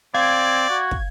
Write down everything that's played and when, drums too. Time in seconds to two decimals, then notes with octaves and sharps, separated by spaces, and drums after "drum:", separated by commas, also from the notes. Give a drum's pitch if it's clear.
0.15 C4 D5 F5 G#6
0.70 F#4
0.91 drum: kick